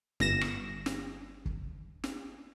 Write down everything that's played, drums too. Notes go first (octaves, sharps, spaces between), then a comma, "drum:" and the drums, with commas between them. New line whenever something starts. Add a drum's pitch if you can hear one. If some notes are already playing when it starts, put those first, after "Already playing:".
G1 A#6 E7, drum: snare
drum: rim click
drum: snare
drum: kick
drum: snare